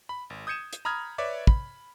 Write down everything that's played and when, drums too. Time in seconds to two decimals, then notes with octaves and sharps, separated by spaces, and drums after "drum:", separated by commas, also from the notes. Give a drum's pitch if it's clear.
0.09 B5
0.30 G#1
0.47 D#6 G6 G#6 C#7 D#7 E7
0.73 drum: hi-hat
0.85 A#5 B5 D#6 F6 G#6
1.18 B4 C#5 D5 E5 D6
1.47 B5, drum: kick